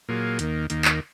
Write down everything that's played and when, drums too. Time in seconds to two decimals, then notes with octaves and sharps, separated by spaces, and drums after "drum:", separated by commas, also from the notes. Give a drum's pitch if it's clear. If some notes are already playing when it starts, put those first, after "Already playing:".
0.08 A#2 F#3 A#3 F4 G#4
0.39 D#2 D#3 A#3, drum: hi-hat
0.70 D#2 D#3 A#3, drum: hi-hat
0.85 drum: clap